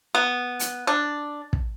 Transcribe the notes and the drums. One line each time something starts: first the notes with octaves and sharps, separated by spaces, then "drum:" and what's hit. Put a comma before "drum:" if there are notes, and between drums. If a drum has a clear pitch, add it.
B3
drum: hi-hat
D4
drum: kick